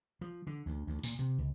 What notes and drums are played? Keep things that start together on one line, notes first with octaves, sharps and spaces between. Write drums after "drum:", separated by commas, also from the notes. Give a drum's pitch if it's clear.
F3
D3
D2
D2
A#2, drum: tambourine
C3
C#2